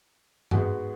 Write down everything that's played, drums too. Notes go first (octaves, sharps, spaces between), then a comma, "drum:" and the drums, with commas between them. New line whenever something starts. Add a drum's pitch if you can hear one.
G#2 G#3 B3 F#4, drum: tom G2